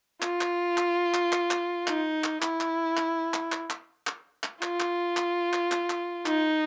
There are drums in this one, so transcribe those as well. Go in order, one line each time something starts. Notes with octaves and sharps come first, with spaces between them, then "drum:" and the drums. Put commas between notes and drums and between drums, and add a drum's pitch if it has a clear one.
F4, drum: clap
drum: clap
drum: clap
drum: clap
drum: clap
drum: clap
D#4, drum: clap
drum: clap
E4, drum: clap
drum: clap
drum: clap
drum: clap
drum: clap
drum: clap
drum: clap
drum: clap
F4, drum: clap
drum: clap
drum: clap
drum: clap
drum: clap
drum: clap
D#4, drum: clap